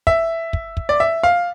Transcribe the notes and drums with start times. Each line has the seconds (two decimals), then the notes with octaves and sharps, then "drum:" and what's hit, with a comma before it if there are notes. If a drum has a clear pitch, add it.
0.07 E5, drum: kick
0.53 drum: kick
0.77 drum: kick
0.89 D5
1.00 E5
1.23 F5